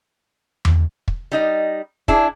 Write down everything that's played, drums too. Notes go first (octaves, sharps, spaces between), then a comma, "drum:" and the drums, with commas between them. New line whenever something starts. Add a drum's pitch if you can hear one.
drum: tom E2
drum: kick
G3 D#4 D#5
D4 E4 G#4, drum: kick